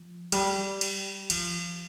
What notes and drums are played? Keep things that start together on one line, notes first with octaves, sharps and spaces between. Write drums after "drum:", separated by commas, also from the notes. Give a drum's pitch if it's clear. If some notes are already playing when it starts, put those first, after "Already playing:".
Already playing: F3
G3, drum: cymbal
drum: cymbal
F3, drum: cymbal